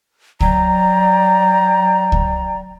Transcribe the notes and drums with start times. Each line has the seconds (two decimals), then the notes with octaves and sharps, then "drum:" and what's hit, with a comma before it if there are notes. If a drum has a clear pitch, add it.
0.41 F#3 D5 G5 A#5, drum: kick C#2
2.12 drum: kick C#2